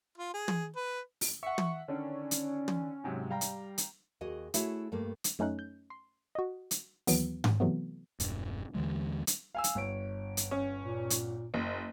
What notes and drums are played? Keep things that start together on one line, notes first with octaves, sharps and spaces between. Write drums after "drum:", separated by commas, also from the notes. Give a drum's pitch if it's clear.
F4
G#4
drum: tom
B4
drum: open hi-hat
E5 F#5 C#6
drum: tom
D3 D#3 C#4 D4
drum: hi-hat
drum: tom
G#2 C3 F#3
G3 F5 G5 A#5
drum: hi-hat
drum: hi-hat
D#2 F#4 G#4 D#5
A3 E4 F#4 G#4 C#5 E5, drum: hi-hat
G2 A3 A#3
drum: hi-hat
F#2 A3 C#4 D#4 F#6
G6
C6
F#4 D#5
drum: hi-hat
D#2 E3 F#3 B3, drum: open hi-hat
drum: tom G#2
C3 E3 F#3 A3 B3
E1 G2, drum: hi-hat
D#2 D3 E3 G#3
drum: hi-hat
F5 G#5 E6
drum: hi-hat
G1 C#5 D7
drum: hi-hat
C#4
A#2
drum: hi-hat
F#1